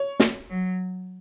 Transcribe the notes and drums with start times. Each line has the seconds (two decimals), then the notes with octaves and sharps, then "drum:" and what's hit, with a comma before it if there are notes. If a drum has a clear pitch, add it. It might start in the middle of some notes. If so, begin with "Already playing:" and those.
Already playing: C#5
0.20 drum: snare
0.50 F#3